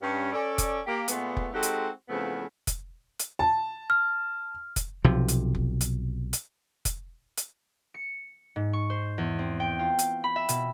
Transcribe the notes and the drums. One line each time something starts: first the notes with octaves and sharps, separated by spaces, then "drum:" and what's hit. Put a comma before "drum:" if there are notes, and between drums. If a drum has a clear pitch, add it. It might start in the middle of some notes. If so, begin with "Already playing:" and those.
G2 C#4
C#4 A4 D5
drum: kick F1, hi-hat
A#3 G4
A#2 G#3 A3 B3, drum: hi-hat
drum: kick F1
G#3 C4 D#4 F#4 G4 A4
drum: hi-hat
E2 C#3 F3 A3 B3 C4
drum: kick F1, hi-hat
drum: hi-hat
A5
F6
drum: kick F1, hi-hat
B1 C3 F3
drum: hi-hat
drum: kick F1
drum: hi-hat
drum: hi-hat
drum: kick F1, hi-hat
drum: hi-hat
C#7
G#2
C#6
C5
E2
C4
G5
F4
drum: hi-hat
B5
E5
B2, drum: hi-hat